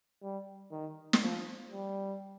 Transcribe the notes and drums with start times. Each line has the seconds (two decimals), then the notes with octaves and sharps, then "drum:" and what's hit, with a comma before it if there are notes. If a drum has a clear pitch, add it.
0.23 G3
0.72 D#3
1.13 drum: snare
1.22 F3
1.71 G3